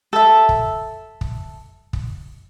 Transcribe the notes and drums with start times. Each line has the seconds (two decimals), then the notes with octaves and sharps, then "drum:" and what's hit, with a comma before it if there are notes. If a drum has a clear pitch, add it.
0.13 A4 E5
0.49 drum: kick
1.21 drum: kick
1.93 drum: kick